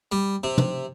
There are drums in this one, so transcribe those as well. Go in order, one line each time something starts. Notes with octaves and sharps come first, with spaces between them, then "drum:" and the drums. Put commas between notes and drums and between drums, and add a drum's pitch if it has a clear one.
G3
C3
drum: tom